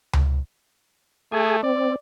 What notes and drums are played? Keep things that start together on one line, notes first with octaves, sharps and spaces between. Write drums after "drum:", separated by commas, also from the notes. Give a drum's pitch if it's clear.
drum: tom C#2
A3 G#4 G#5
C4 D5